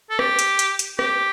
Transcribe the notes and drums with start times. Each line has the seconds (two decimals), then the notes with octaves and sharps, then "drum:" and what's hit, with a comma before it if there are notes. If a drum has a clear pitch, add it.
0.10 A4
0.19 G4, drum: rim click
0.39 drum: hi-hat
0.59 drum: hi-hat
0.79 drum: hi-hat
0.99 G4, drum: rim click